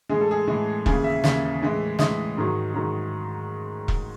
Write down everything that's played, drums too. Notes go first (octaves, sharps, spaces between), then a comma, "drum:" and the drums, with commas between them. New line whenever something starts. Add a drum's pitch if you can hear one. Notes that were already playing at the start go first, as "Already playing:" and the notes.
A2 E3 G#3 G#4
A4
G#4
A2 E3 G#3
D#2 C#3 E3 G#4, drum: kick E1
E5
D#2 C#3 E3 E5, drum: snare
A2 E3 G#3
A2 E3 G#3 D#5, drum: snare
G#2 D#3 F#3
G#2 D#3 F#3
drum: kick E1